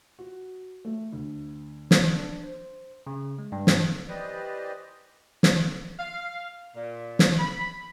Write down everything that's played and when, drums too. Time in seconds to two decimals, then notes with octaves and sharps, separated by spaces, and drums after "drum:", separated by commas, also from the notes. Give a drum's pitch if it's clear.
0.19 F#4
0.85 A3
1.12 D2
1.91 drum: snare
2.11 D4
2.44 C5
3.07 C#3
3.39 G#3
3.52 G2
3.67 drum: snare
4.08 E3 G4 B4 C5 D5 D#5
5.43 drum: snare
5.98 F5
6.75 A#2
7.19 drum: snare
7.38 B5